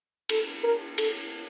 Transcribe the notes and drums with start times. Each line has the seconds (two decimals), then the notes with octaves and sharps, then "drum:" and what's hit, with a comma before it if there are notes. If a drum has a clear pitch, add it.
0.29 A4, drum: cymbal
0.63 A#4
0.98 A4, drum: cymbal